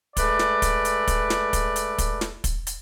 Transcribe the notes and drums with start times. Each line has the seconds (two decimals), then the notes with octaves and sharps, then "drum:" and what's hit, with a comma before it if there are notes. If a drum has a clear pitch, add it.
0.17 G#3 A3 B4 D5, drum: kick, hi-hat
0.39 drum: snare
0.62 drum: kick, hi-hat
0.85 drum: hi-hat
1.07 drum: kick, hi-hat
1.30 drum: snare
1.53 drum: kick, hi-hat
1.76 drum: hi-hat
1.98 drum: kick, hi-hat
2.21 drum: snare
2.44 drum: kick, hi-hat
2.67 drum: hi-hat